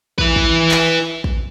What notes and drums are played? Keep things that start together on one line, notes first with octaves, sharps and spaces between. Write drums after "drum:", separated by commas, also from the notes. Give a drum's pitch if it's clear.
E4 B4, drum: kick
drum: kick
drum: clap
drum: kick